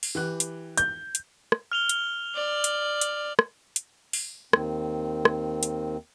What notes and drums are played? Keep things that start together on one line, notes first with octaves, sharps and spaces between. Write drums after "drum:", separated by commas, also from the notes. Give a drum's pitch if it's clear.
drum: open hi-hat
E3 G4 F#6
drum: hi-hat
G6, drum: hi-hat
drum: hi-hat
drum: rim click
F6 F7 G7
drum: hi-hat
D5
drum: hi-hat
drum: hi-hat
drum: rim click
drum: hi-hat
drum: open hi-hat
D#2 D#3 C4, drum: rim click
drum: rim click
drum: hi-hat